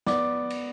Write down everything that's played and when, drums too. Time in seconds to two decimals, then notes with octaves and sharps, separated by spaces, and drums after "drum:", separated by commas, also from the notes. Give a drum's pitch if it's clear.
0.07 B3 D5 D6, drum: snare
0.50 drum: cymbal